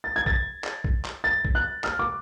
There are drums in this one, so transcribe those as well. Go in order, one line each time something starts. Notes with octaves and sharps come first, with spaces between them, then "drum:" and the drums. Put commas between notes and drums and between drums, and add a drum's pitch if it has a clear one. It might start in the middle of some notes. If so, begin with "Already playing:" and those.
A6
G#6
A6, drum: kick A#1
drum: clap
drum: kick A#1
drum: clap
A6
drum: kick A#1
F#6
F6, drum: clap
D6